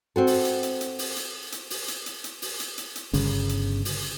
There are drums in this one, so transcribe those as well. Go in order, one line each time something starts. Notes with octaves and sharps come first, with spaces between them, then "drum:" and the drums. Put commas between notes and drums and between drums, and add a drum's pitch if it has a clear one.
C4 F#4 A4
drum: open hi-hat
drum: hi-hat
drum: hi-hat
drum: hi-hat
drum: open hi-hat
drum: hi-hat
drum: hi-hat
drum: open hi-hat
drum: hi-hat
drum: hi-hat
drum: hi-hat
drum: open hi-hat
drum: hi-hat
drum: hi-hat
drum: hi-hat
G1 C#3, drum: open hi-hat
drum: hi-hat
drum: open hi-hat